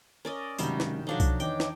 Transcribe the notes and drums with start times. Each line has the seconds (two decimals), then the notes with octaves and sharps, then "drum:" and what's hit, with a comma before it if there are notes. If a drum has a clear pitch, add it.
0.25 C#4 A#4 D5 D#5
0.58 F#1 G2 C3 D#3 G3 G#3 C#4 F#4, drum: tambourine
0.80 drum: snare
1.07 B2 F3 F#3 D4 D#4 A4 F5 F#5
1.20 drum: kick C2, tambourine
1.40 E2 D#3 C#5 D#5 G5 D6, drum: tambourine
1.60 drum: snare